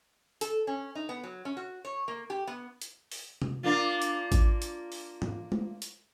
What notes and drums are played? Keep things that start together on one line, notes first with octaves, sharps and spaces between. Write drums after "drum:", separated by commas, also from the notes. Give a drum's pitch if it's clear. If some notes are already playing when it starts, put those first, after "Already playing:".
A4, drum: hi-hat
C#4
D#4
B3
F#3
C#4
F#4
C#5
A#3
G4
B3
drum: hi-hat
drum: open hi-hat
drum: tom C3
A#3 D4 F4
drum: hi-hat
drum: kick G#1, hi-hat
drum: hi-hat
drum: open hi-hat
drum: tom G#2
drum: tom
drum: hi-hat